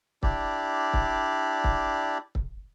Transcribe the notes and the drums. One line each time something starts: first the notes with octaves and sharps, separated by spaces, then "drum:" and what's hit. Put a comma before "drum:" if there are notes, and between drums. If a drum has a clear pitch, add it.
D4 E4 G4 D5, drum: kick
drum: kick
drum: kick
drum: kick